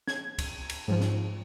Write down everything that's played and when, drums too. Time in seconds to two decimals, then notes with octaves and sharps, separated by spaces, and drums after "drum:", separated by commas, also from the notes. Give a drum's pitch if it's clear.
0.07 G#6, drum: snare
0.38 drum: kick, cymbal
0.70 drum: cymbal
0.88 G#2 F3
1.01 drum: snare